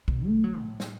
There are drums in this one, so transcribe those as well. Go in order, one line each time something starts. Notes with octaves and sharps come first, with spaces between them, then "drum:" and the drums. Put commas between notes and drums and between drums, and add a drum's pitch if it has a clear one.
B2, drum: kick
A3
F#3
A2
drum: snare